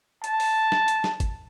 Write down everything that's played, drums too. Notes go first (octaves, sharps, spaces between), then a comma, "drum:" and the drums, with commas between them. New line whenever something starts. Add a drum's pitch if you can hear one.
A5, drum: hi-hat
drum: open hi-hat
drum: snare
drum: hi-hat
drum: snare
drum: kick, hi-hat